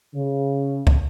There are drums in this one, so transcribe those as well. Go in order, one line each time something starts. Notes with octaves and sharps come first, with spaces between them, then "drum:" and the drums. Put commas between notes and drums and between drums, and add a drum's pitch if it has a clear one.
C#3
drum: kick